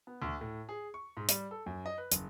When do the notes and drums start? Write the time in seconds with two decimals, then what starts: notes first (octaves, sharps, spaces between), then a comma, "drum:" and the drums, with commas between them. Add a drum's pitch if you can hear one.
0.07 B3
0.22 D2
0.41 A2
0.69 G#4
0.94 C#6
1.17 G#2
1.29 G3, drum: hi-hat
1.51 A4
1.66 F#2
1.86 D#5
1.98 B4
2.12 F#1, drum: hi-hat